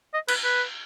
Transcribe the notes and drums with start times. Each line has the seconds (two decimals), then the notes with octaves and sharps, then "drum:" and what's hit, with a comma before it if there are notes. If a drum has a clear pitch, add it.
0.14 D#5
0.28 B4, drum: cymbal
0.44 B4